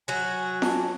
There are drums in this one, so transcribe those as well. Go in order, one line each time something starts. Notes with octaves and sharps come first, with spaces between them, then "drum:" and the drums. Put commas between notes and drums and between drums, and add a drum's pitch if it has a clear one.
F#3 F#4 G#5
A5, drum: snare F4